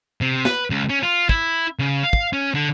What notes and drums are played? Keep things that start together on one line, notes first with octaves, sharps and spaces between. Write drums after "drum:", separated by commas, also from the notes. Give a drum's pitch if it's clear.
C3
B4, drum: snare
C#2
C#4
F4
E4, drum: kick
C#3
F5
drum: kick
C#4
D3